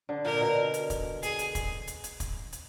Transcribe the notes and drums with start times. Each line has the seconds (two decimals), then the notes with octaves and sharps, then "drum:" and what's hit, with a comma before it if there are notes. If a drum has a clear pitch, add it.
0.09 D3
0.25 A#2 A#4
0.41 B2
0.74 drum: hi-hat
0.90 drum: kick, hi-hat
1.23 G#4, drum: hi-hat
1.39 drum: hi-hat
1.55 drum: kick, hi-hat
1.87 drum: hi-hat
2.04 drum: hi-hat
2.20 drum: kick, hi-hat
2.52 drum: hi-hat